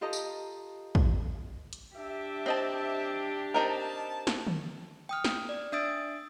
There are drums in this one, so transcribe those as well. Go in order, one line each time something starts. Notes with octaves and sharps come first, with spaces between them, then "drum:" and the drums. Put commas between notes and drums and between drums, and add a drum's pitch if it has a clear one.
F4 G4 A4 D#5 A#5
drum: tambourine
drum: kick
drum: hi-hat
D4 G4 E5
C4 D#5 A5
C4 D#4 A#4 A5
drum: snare
drum: tom
G5 D#6 F6
drum: snare
D5
D4 E5 D#6 E6 A6 D7